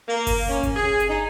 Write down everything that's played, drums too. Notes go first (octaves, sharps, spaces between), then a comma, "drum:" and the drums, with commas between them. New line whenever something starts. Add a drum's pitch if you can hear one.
A#3
drum: kick G1, open hi-hat
C#4
drum: kick G1, hi-hat
G#4
drum: hi-hat
D#4